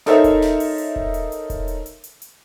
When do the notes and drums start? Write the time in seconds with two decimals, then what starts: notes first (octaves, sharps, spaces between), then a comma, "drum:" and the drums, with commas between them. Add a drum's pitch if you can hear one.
0.06 D#4 A4 A#4 C5 C#5 E5, drum: snare
0.24 drum: kick E1, hi-hat
0.42 drum: snare
0.60 drum: open hi-hat
0.78 drum: hi-hat
0.96 drum: kick E1
1.14 drum: hi-hat
1.32 drum: hi-hat
1.50 drum: kick E1, hi-hat
1.68 drum: hi-hat
1.86 drum: hi-hat
2.04 drum: hi-hat
2.22 drum: hi-hat